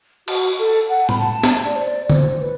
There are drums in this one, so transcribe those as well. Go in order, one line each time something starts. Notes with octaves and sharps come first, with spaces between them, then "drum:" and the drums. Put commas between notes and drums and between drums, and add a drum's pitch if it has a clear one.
F#4, drum: cymbal
A4
F#5
B5, drum: tom A2
A5
drum: snare
D5
C5
D5
C5, drum: tom D3
B4